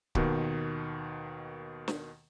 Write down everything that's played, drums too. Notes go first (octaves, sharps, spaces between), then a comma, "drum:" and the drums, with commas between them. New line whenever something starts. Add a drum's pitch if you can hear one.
D#2 B2 D#3, drum: kick C#1
drum: snare